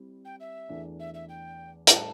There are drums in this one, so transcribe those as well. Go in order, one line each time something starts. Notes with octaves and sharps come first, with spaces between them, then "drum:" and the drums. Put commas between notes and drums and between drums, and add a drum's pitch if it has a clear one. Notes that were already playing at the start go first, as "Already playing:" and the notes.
Already playing: G3 C4 E4
G5
E5
E2 E3 A3 D4
E5
E5
G5
A2 G3 D4 A4 C5 A5, drum: hi-hat